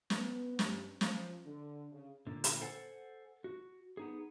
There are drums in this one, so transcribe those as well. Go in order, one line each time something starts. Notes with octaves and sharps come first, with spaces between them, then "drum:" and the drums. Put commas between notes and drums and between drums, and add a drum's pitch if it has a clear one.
B3, drum: snare
G2, drum: snare
F3, drum: snare
D3
C#3
A#2 D3
drum: hi-hat
A4 C5 F#5 G#5
F#4
B3 D#4 G#4